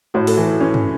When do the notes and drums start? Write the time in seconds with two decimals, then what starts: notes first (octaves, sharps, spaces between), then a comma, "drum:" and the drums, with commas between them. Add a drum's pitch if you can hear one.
0.14 A2 F#4
0.27 A4, drum: open hi-hat
0.37 E3 F#4
0.60 C#4
0.74 drum: tom